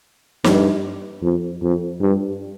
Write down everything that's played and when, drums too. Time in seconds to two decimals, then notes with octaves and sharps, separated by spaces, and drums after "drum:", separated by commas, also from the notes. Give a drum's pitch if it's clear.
0.44 G2, drum: snare
1.22 F2
1.62 F2
2.01 G2